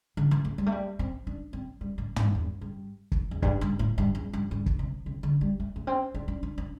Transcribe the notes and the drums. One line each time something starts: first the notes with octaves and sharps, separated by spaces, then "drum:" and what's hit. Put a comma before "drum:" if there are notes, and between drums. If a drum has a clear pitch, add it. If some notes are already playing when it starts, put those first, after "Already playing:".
D3
E3
A3
G3
A3
G3
C4
D4
C4
G3
A2
G2, drum: tom
E2
G2
drum: kick
E2
G2, drum: kick
G2
A2
G2
E2
G2
G2
drum: kick
C3
C3
D3
G3
A3
A3
C4
D4
D4
D4
D4